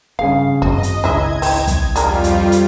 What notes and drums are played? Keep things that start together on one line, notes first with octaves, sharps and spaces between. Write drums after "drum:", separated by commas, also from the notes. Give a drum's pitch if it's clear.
G2 C#3 G#4 F5 C7
G#1 F#2 C4 F#4 D#5
drum: hi-hat
C#2 G#3 E4 E5 G#6
C4 E4, drum: open hi-hat
drum: kick, hi-hat
F2 G3 G#3 F4 A#4 D5, drum: hi-hat
drum: hi-hat
drum: hi-hat